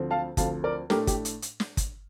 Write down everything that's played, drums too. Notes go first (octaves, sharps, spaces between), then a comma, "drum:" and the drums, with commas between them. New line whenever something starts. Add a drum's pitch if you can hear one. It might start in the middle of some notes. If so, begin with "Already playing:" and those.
Already playing: D2 D3 F3 C4
F5 A5
D2 D3 F3 C4 F5 A5, drum: kick, hi-hat
A#4 D5
A2 A3 D4 G4 A#4, drum: snare
G4, drum: kick, hi-hat
drum: hi-hat
drum: hi-hat
drum: snare
drum: kick, hi-hat